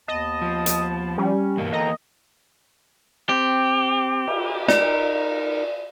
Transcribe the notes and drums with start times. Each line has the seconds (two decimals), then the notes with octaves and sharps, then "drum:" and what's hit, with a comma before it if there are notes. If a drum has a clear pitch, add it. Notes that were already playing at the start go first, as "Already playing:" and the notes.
0.08 D#2 B3 D#5 A5
0.42 F3
0.66 drum: hi-hat
1.18 G3 C#4
1.57 E2 G2 B2 A#3
1.73 A4 D#5 G5 A#5
3.29 C4 G4
4.28 drum: cymbal
4.68 D#4 A#4 D5, drum: snare